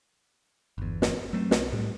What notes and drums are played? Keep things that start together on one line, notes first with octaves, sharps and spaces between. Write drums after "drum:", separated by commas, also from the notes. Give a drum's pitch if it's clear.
G1 E2
drum: snare
F#3 A3 C4
B1, drum: snare
A2 G3